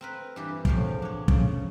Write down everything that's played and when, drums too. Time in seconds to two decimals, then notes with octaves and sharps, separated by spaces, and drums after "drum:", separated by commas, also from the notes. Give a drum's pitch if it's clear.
0.01 C4 A#4 B4
0.36 G2 E3 G4
0.65 E2 A2 F3 F5 G5, drum: kick
1.02 D4 C#5
1.28 C#3, drum: kick